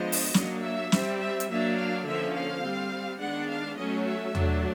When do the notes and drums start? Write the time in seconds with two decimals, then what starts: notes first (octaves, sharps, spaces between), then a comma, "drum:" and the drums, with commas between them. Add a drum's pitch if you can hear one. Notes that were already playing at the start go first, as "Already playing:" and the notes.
Already playing: F3 G#3 B3 D4 D#5
0.12 drum: open hi-hat
0.34 F#3 A#3 D4, drum: snare
0.64 E5
0.92 G3 C4, drum: snare
1.20 E5
1.40 drum: hi-hat
1.49 F#3 A#3 D4 E5
1.78 F5
2.06 D3 F3 A#3 C#4 E5
2.35 F5
2.63 G3 C4
3.20 D#3 G#3 B3 D4 F#5
3.49 F5
3.77 F#3 A3 C#4 D#5
4.06 E5
4.35 F#3 A3 D4, drum: tom E2